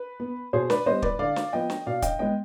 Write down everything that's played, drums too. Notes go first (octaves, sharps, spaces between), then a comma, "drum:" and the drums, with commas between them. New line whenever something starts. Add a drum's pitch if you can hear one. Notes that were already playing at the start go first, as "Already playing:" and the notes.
Already playing: B4
B3
B2 G#4 C5
B4 D5, drum: snare
G3 B3 C5 D#5
B4 D5, drum: kick
D3 D5 F5
drum: snare
F3 B3 D#5 G5
drum: snare
B2 D5 F5
D#5 G5, drum: kick, hi-hat
G#3 B3 D#5 G5